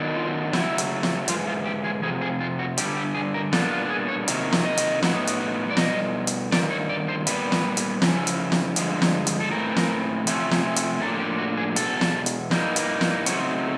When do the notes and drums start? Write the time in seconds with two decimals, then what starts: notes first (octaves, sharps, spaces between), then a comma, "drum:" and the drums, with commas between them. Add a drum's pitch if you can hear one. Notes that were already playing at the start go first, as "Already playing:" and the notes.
Already playing: D#3 F#3 B3 D4
0.16 F4
0.53 C#3 F#3 A3 E4, drum: snare
0.78 drum: hi-hat
1.03 drum: snare
1.28 G#2 E3 F4, drum: hi-hat
1.47 F4
1.65 G4
1.84 G#4
2.03 F2 C3 G#4
2.21 G#4
2.40 F4
2.59 F#4
2.78 G2 D3 G3 G4, drum: hi-hat
2.97 G4
3.15 G#4
3.34 A#4
3.53 A#2 G3 B3 D4 A4, drum: snare
3.71 F4
3.90 G#4
4.08 C#5
4.28 C3 D#3 F#3 A#3, drum: hi-hat
4.52 drum: snare
4.65 D#5
4.77 drum: hi-hat
5.03 A2 F#3 B3 D#4, drum: snare
5.27 drum: hi-hat
5.70 D5
5.77 B2 G3 D#5, drum: snare
6.27 drum: hi-hat
6.52 G2 D#3 D5, drum: snare
6.71 C#5
6.89 D5
7.08 C5
7.27 A#2 G3 B3 B4, drum: hi-hat
7.52 drum: snare
7.77 drum: hi-hat
8.02 C#3 F3 C#4 E4, drum: snare
8.27 drum: hi-hat
8.52 drum: snare
8.76 G2 D3 F3 G#3, drum: hi-hat
9.02 drum: snare
9.27 drum: hi-hat
9.40 A4
9.51 A2 E3 A3 C4 A#4
9.77 drum: snare
10.27 C3 F3 A3 C#4, drum: hi-hat
10.51 drum: snare
10.76 drum: hi-hat
11.01 A2 F3 A#3 D4 A4
11.20 G4
11.38 F#4
11.57 G#4
11.76 E2 B2 A4, drum: hi-hat
12.01 drum: snare
12.26 drum: hi-hat
12.51 G2 E3 G3 A#3 D#4, drum: snare
12.76 drum: hi-hat
13.01 drum: snare
13.26 C#3 F#3 A3 C4 D#4 C#5, drum: hi-hat